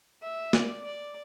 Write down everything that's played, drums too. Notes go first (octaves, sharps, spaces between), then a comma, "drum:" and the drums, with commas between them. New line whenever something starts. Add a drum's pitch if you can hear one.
E5
D5, drum: snare
D5